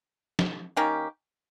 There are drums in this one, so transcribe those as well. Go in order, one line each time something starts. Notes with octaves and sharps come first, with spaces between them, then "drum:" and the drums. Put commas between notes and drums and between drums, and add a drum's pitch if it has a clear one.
drum: snare
D#3 A#3 C#4 G4